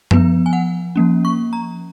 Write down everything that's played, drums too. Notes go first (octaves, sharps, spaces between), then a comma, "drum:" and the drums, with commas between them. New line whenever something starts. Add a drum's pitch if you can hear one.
F3 B3 B4, drum: tom F#2
G#5
F#5
F3 A#3 C#4
C#6
A#5